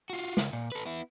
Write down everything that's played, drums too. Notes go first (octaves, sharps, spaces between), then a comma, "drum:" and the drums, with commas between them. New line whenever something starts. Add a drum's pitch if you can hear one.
F4 F#4
C#2, drum: snare
A#2
A4 B4
B3 E4